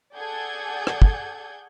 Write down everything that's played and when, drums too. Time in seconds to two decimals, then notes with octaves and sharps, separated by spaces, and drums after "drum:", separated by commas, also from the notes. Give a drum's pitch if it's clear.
0.15 G#4 A4 D5 F#5 G6 G#6
0.87 drum: rim click
1.02 drum: kick